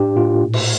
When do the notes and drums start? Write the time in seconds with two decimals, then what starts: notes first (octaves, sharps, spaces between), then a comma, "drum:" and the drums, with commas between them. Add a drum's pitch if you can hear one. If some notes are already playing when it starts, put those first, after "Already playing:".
Already playing: A2 D4 G4
0.16 A2 F4
0.44 A#2
0.53 drum: cymbal